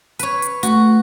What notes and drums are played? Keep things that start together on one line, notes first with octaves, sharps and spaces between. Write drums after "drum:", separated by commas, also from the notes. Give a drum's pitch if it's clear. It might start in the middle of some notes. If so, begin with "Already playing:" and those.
B4 C#5, drum: hi-hat
drum: hi-hat
A3 F#4, drum: hi-hat